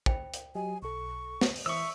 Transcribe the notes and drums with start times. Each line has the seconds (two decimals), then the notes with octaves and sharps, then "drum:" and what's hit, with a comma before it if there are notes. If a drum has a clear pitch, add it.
0.06 C5 G5 B5, drum: kick
0.34 drum: hi-hat
0.55 F#3 G4 D#5 G#5
0.83 B1 A4 C#6
1.41 drum: snare
1.56 drum: open hi-hat
1.66 E3 C5 E5 C#6 D#6 E6